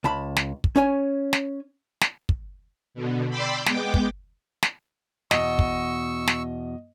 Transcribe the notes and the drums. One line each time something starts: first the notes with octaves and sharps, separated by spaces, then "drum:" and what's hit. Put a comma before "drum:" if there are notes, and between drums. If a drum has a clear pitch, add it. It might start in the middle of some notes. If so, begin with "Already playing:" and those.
C#2 A5 B5
drum: snare
drum: kick
C#4 C#5 G#5
drum: snare
drum: snare
drum: kick
B2 D3
D5 G5 B5 C6 D6 E6
G#3 B3 G5 D6, drum: snare
drum: kick
drum: snare
E2 B2 D#5 C#6 E6, drum: snare
drum: kick
drum: snare